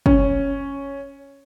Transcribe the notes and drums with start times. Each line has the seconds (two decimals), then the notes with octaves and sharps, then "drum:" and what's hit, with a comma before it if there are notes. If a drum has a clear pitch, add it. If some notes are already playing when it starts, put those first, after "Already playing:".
0.06 C#4, drum: kick